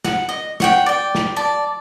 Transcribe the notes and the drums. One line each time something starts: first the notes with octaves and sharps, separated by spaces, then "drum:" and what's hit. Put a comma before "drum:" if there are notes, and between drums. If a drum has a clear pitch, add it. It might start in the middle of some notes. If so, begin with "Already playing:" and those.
F#5, drum: snare
D#5
C#5 F#5 G5, drum: snare
D5 G5
drum: snare
D5 A5